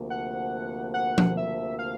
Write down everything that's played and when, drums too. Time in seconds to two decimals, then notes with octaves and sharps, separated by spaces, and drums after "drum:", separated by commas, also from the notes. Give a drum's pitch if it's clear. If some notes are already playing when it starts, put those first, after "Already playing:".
Already playing: D2 C3 F3 A#3
0.10 F#5
0.94 F#5
1.18 drum: tom F3
1.37 E5
1.79 F5